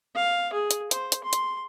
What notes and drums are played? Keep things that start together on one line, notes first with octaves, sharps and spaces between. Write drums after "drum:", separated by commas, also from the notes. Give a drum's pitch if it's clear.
F5
G#4
drum: hi-hat
C5, drum: hi-hat
drum: hi-hat
C6
drum: hi-hat